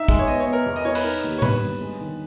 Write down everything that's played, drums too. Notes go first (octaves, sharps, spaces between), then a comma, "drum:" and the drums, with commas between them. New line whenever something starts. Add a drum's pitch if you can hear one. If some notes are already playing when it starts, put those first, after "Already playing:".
Already playing: D#4 E5
G#3, drum: kick
C#5
B3 D#5
C#5
B3
A#4
E2
D#5
E4 C#5
B4, drum: cymbal
D#4 A#4
D#2
C#5
G1 B4, drum: tom A2
G1
G#3
D#3